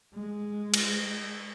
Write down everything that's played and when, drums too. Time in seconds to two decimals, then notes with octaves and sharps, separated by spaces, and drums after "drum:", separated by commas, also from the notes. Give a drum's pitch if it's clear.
0.14 G#3
0.74 drum: cymbal